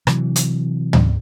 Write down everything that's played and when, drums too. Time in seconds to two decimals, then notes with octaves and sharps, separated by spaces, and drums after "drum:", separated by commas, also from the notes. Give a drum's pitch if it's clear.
0.07 C3 E3 F#3, drum: rim click
0.36 drum: hi-hat
0.93 drum: tom